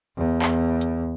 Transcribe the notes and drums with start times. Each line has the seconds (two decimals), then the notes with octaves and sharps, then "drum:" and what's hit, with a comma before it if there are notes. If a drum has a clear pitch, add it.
0.17 E2
0.42 drum: clap
0.81 drum: hi-hat